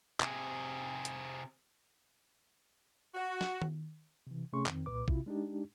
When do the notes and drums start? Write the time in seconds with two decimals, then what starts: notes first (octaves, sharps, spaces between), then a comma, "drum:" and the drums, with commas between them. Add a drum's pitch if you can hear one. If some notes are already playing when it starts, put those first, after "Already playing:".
0.20 C3 G#4, drum: clap
1.05 drum: hi-hat
3.15 F#4
3.41 drum: snare
3.62 drum: tom D#3
4.27 C3 E3
4.53 C3 A3 C#4 G#4 C6 C#6
4.66 F2 D#3 C4, drum: clap
4.86 C2 A#2 B4 D6
5.08 C3 E4 F4, drum: kick
5.26 G#3 D4 D#4 G4